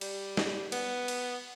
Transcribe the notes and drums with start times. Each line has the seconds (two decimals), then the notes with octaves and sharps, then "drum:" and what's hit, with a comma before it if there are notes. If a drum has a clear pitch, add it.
0.01 G3, drum: cymbal
0.37 drum: snare
0.72 B3, drum: cymbal
1.08 drum: cymbal